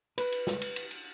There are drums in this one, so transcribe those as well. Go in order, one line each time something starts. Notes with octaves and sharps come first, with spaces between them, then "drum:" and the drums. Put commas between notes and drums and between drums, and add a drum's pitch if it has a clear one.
B4, drum: cymbal
drum: cymbal
drum: snare
drum: cymbal
drum: cymbal
drum: cymbal